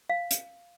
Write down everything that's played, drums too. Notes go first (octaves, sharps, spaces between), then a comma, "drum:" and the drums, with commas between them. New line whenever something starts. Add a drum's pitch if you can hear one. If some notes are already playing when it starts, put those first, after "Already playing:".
F5
drum: hi-hat